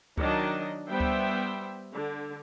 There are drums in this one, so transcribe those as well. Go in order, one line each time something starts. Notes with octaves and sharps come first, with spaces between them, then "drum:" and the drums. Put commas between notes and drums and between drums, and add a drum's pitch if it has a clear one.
D#3 F#3 D4 D#5, drum: kick C#2
G3 B3 C5 E5 G5
drum: kick C#2
D3